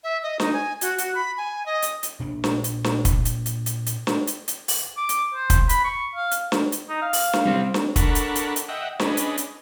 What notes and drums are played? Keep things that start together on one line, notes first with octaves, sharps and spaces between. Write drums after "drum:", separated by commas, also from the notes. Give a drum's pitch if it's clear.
E5
D#5
D#4, drum: snare
G#5
F#4, drum: hi-hat
F#4, drum: hi-hat
B5
G#5
D#5
drum: hi-hat
drum: hi-hat
A#2 D4
drum: snare
drum: hi-hat
drum: snare
drum: kick, hi-hat
drum: hi-hat
drum: hi-hat
drum: hi-hat
drum: hi-hat
drum: snare
drum: hi-hat
drum: hi-hat
drum: open hi-hat
D6
drum: hi-hat
C5
drum: kick, hi-hat
B5, drum: hi-hat
C#6
F5
drum: hi-hat
drum: snare
drum: hi-hat
D#4
F5
drum: open hi-hat
drum: snare
G3 C4
drum: snare
D4 A4 A#4 F#5 B5 C#6, drum: kick, hi-hat
drum: hi-hat
drum: hi-hat
drum: hi-hat
D#5 E5 F#5 G5
C#4 D4 G#4 B4 D#5, drum: snare
drum: hi-hat
drum: hi-hat